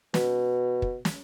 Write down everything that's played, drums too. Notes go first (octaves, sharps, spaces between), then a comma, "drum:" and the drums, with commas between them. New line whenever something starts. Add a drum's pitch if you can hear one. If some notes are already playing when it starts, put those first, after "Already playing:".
B2, drum: snare
drum: kick
drum: snare